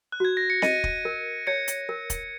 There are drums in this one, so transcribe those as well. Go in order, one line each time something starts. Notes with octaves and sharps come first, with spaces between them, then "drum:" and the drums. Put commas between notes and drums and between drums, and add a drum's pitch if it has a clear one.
F#6
F#4 G#6
A#6
C#7
D#5 A#6 D#7, drum: snare C4
drum: kick
A#4
C#5 G#6 C#7
drum: hi-hat
A#4
drum: kick, hi-hat